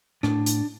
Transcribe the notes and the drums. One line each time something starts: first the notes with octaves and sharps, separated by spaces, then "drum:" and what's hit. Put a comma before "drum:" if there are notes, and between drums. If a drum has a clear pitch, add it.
A2 D4, drum: rim click
drum: hi-hat